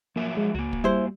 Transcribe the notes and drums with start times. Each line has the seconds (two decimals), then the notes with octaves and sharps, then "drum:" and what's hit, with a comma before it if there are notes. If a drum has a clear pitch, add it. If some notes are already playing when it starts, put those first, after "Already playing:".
0.16 F3 F#3 A#3 E5
0.37 G#3
0.55 C#2 A#3 F#4
0.73 drum: kick
0.84 G3 E4 C5